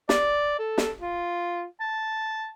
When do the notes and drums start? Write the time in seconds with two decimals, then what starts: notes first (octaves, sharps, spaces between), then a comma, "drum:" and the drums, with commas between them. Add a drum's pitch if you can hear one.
0.09 D5, drum: snare
0.59 A4
0.78 drum: snare
1.00 F4
1.80 A5